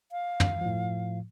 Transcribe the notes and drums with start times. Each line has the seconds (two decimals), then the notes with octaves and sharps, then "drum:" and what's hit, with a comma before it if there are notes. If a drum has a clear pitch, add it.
0.12 F5
0.40 drum: tom
0.61 A2 F3